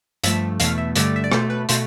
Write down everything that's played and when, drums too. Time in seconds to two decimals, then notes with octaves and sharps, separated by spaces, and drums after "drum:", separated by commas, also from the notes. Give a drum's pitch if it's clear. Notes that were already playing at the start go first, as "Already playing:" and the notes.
0.24 G2 F3 A3 E5, drum: hi-hat
0.60 E2 B2 A3 F5, drum: hi-hat
0.78 E5
0.96 G2 D3 A3 D5, drum: hi-hat
1.16 E5
1.24 D5
1.32 B2 A3 C5, drum: rim click
1.50 B4
1.69 B2 A3 C5, drum: hi-hat